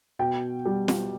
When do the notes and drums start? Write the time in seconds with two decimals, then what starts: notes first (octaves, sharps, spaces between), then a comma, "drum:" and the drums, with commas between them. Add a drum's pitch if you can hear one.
0.19 B2 G5
0.65 G3
0.88 drum: snare